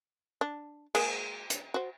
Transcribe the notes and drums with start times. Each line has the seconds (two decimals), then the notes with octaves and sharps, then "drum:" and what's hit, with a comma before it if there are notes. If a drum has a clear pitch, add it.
0.41 D4
0.95 G#3 A#3 G#4, drum: cymbal
1.50 drum: hi-hat
1.74 F#4 C5